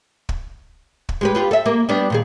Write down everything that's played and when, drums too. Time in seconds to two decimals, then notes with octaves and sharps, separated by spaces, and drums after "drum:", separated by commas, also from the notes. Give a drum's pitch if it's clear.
0.29 drum: kick
1.09 drum: kick
1.21 G#3 G4 B4
1.35 B3 F4 G4
1.51 A4 E5
1.66 A#3
1.89 G3 B3 D4
2.10 A#2 D#3 G#4